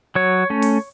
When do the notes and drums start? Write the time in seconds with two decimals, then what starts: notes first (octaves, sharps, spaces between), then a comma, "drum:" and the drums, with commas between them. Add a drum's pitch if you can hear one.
0.15 F#3 C#5
0.50 A3 C#4
0.62 drum: open hi-hat